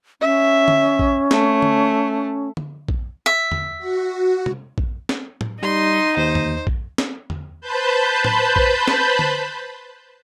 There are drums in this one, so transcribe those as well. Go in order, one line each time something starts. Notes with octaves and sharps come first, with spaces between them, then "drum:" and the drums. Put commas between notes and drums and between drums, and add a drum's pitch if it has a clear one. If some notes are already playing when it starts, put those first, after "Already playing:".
C#4 E5
drum: tom D3
drum: kick A#1
A3, drum: snare C4
drum: tom D3
drum: tom D3
drum: kick A#1
E5
drum: tom
F#4
drum: tom
drum: kick A#1
drum: snare C4
drum: tom A2
G3 D#4 C6
D#2 C5
drum: tom
drum: kick A#1
drum: snare C4
drum: tom
B4 C5 A5 B5 G6
drum: tom A2
drum: kick A#1
drum: snare C4
drum: tom D3